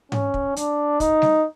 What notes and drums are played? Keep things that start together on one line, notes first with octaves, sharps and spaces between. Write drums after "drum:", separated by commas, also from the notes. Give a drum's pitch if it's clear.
C#4, drum: tom G#2
drum: kick
D4, drum: hi-hat
D#4, drum: kick, hi-hat
drum: snare G3